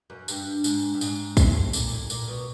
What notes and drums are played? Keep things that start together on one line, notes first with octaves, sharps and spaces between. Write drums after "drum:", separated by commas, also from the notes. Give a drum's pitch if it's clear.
F#2
G2, drum: tambourine
G#2, drum: tambourine
G2
G#2, drum: tambourine
A2, drum: kick, tambourine
A#2, drum: tambourine
A2
A#2, drum: tambourine
B2